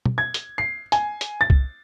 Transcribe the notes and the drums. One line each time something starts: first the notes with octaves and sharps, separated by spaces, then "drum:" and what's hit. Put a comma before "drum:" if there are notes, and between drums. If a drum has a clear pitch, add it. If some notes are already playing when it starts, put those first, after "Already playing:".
drum: tom
G#6
drum: hi-hat
C7
G#5, drum: hi-hat
drum: hi-hat
A6
drum: kick C2